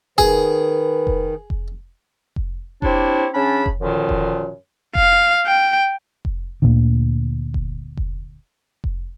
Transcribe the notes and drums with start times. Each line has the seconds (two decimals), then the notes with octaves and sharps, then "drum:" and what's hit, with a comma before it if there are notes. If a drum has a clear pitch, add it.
0.18 D#3 G#4 B4, drum: kick F1
1.07 drum: kick F1
1.50 drum: kick F1
2.36 drum: kick F1
2.82 C4 D4 E4 G4 C#5, drum: kick F1
3.33 C#3 C#4 D4 A5 B5
3.66 drum: kick F1
3.80 F#2 A#2 D3 D#3 F3
4.09 drum: kick F1
4.95 F5, drum: kick F1
5.46 G5
6.25 drum: kick F1
6.62 D2 A#2 D3
7.54 drum: kick F1
7.97 drum: kick F1
8.84 drum: kick F1